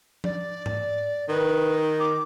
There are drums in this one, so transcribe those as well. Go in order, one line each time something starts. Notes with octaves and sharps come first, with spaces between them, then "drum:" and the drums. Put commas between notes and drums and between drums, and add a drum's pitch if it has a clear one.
D5, drum: tom F3
drum: tom G#2
D#3 B4
D6